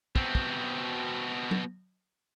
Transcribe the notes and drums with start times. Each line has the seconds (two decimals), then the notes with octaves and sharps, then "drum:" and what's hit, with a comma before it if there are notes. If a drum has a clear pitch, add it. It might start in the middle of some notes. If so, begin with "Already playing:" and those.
0.16 B2 C4, drum: kick
0.35 drum: kick
1.51 drum: tom F#3